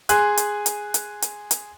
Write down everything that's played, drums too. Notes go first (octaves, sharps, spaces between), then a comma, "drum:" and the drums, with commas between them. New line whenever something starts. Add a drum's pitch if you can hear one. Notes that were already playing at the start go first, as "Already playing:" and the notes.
G#4 G#5 C6 F#6, drum: hi-hat
drum: hi-hat
drum: hi-hat
drum: hi-hat
drum: hi-hat
drum: hi-hat